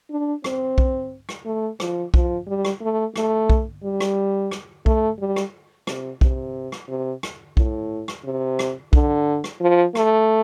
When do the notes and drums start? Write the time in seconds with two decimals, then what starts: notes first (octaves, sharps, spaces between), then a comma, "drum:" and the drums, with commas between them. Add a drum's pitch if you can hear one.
0.10 D4
0.44 C4, drum: rim click
0.78 drum: kick B1
1.29 drum: rim click
1.45 A3
1.80 F3, drum: rim click
2.14 F3, drum: kick B1
2.47 G3
2.65 drum: rim click
2.81 A3
3.16 A3, drum: rim click
3.50 drum: kick B1
3.84 G3
4.00 drum: rim click
4.51 drum: rim click
4.86 A3, drum: kick B1
5.19 G3
5.36 drum: rim click
5.87 C3, drum: rim click
6.21 C3, drum: kick B1
6.72 drum: rim click
6.89 C3
7.23 drum: rim click
7.57 A2, drum: kick B1
8.08 drum: rim click
8.25 C3
8.59 drum: rim click
8.93 D3, drum: kick B1
9.44 drum: rim click
9.60 F3
9.95 A3, drum: rim click